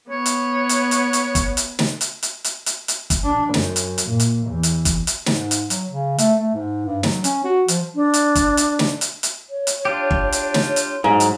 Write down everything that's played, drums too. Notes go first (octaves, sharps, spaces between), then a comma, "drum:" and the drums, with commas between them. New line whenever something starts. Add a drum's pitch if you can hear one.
B3 C#5
drum: hi-hat
drum: hi-hat
drum: hi-hat
drum: hi-hat
drum: kick G1, hi-hat
drum: hi-hat
drum: snare
drum: hi-hat
drum: hi-hat
drum: hi-hat
drum: hi-hat
drum: hi-hat
drum: kick G1, hi-hat
D4
F#2, drum: snare
drum: hi-hat
drum: hi-hat
A#2
drum: hi-hat
E2
drum: hi-hat
drum: kick G1, hi-hat
drum: hi-hat
G#2, drum: snare
drum: hi-hat
F#3, drum: hi-hat
C#3
A3, drum: hi-hat
A3
G#2
G2
F#3, drum: snare
C#4, drum: hi-hat
F#4
F3, drum: hi-hat
D4
drum: hi-hat
drum: kick G1, hi-hat
drum: hi-hat
drum: snare
drum: hi-hat
drum: hi-hat
C#5
drum: hi-hat
D4 F4 G4
drum: kick G1
drum: hi-hat
drum: snare
drum: hi-hat
G#2 F#3 C5
drum: hi-hat